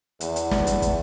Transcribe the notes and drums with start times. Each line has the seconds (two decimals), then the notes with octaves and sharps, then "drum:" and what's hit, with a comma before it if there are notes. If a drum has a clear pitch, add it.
0.21 E2, drum: hi-hat
0.36 drum: hi-hat
0.51 drum: snare
0.67 drum: hi-hat
0.82 drum: kick, hi-hat